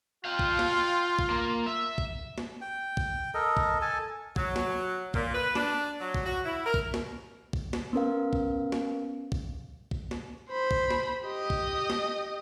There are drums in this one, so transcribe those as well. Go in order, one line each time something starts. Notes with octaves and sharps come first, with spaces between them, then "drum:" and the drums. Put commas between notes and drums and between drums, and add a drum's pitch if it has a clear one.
F4 F5 G5
drum: kick
drum: snare
drum: kick
A#3
E5
drum: kick
drum: snare
G5
drum: kick
A4 A#4 D#5
drum: kick
A4 G#5 A5
F#3, drum: kick
drum: snare
A#2, drum: kick
B4
D4, drum: snare
F#3
drum: kick
F#4
E4
A#4
drum: kick
drum: snare
drum: kick
drum: snare
B3 C#4 A#4 F5
drum: kick
drum: snare
drum: kick
drum: kick
drum: snare
C5 B5
drum: kick
drum: snare
G4 D#5
drum: kick
drum: snare